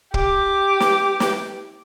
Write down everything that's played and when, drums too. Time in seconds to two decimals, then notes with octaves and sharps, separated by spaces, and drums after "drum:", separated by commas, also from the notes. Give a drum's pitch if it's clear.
0.14 G4 D6, drum: kick
0.80 drum: snare
1.20 drum: snare